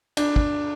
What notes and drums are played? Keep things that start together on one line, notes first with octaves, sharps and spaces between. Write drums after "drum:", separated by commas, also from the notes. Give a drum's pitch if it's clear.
D4, drum: cymbal
drum: kick